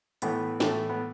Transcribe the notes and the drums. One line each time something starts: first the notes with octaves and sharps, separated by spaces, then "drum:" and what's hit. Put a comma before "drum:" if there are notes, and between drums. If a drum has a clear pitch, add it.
A2 E3 A3 B3, drum: hi-hat
A2 E3 A3, drum: snare
B3